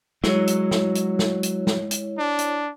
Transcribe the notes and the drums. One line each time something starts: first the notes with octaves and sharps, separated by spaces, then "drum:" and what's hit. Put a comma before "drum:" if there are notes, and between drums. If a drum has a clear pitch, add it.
F#3 G#3 E4 C#5, drum: snare
drum: hi-hat
drum: snare
drum: hi-hat
drum: snare
drum: hi-hat
drum: snare
drum: hi-hat
D4
drum: hi-hat